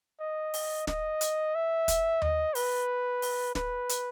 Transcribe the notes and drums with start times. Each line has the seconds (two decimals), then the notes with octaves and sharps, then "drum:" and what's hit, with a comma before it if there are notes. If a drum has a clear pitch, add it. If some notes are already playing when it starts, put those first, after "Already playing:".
0.20 D#5
0.54 drum: open hi-hat
0.87 D#5, drum: snare
1.21 drum: hi-hat
1.55 E5
1.88 drum: kick, hi-hat
2.22 D#5, drum: tom D#2
2.55 B4, drum: open hi-hat
3.22 drum: open hi-hat
3.55 B4, drum: snare
3.89 drum: hi-hat